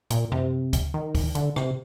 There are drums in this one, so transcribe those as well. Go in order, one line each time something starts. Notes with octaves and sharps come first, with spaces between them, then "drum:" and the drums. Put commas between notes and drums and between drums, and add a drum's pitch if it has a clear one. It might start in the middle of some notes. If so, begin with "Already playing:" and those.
A#2, drum: hi-hat
C3, drum: tom F#2
drum: kick, hi-hat
D#3
drum: kick, open hi-hat
D3, drum: hi-hat
C3, drum: rim click